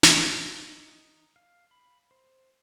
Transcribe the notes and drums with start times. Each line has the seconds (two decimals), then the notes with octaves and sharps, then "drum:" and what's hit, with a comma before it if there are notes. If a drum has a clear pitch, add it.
0.03 drum: snare
0.23 C#5
0.64 D#4
1.36 F5
1.71 B5
2.11 C5